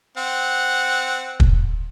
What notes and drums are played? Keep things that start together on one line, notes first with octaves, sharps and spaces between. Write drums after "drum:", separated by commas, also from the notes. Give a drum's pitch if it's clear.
C4 F#5
drum: kick